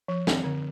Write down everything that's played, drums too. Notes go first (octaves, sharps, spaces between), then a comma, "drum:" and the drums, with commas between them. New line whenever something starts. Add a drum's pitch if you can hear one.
F3
C4, drum: snare
D3